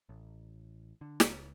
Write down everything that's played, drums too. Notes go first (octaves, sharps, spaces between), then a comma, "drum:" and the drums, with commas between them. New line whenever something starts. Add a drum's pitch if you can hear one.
A1
D3
C#2, drum: snare